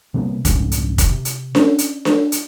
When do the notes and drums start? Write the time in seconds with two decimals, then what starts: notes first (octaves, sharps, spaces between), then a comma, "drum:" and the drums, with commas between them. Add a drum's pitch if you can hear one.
0.14 C3 G3 A#3 B3
0.45 C2 F2 G#2 C#3, drum: kick, hi-hat
0.72 drum: hi-hat
0.98 drum: kick, hi-hat
1.10 C3
1.25 drum: hi-hat
1.55 C#4, drum: snare D4
1.78 drum: hi-hat
2.05 drum: snare D4
2.32 drum: hi-hat